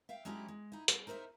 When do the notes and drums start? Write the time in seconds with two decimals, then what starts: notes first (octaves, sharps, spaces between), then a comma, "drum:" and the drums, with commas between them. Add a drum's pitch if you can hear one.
0.09 E5 F5 G5
0.25 F#3 G#3 C#4 D4 E4 G4
0.48 G#3
0.72 D#4 E4
0.88 G3 C#4, drum: hi-hat
1.07 D#4 A#4 C5 D#5 E5